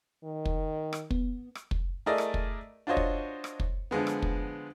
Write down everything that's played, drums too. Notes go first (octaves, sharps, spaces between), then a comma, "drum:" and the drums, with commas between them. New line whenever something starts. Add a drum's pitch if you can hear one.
D#3
drum: kick
drum: rim click
B3, drum: kick
drum: rim click
drum: kick
A3 E4 G#4 A#4 D5 D#5
drum: rim click
drum: kick
D4 F4 F#4 C5 C#5 D#5
drum: kick
drum: rim click
drum: kick
D3 F3 G#3 B3
drum: rim click
drum: kick